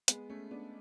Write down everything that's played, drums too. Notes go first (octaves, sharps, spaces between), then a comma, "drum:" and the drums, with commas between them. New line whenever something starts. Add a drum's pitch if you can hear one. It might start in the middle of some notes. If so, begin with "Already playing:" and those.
G#3 B3, drum: hi-hat
A3 C#4
B3 D4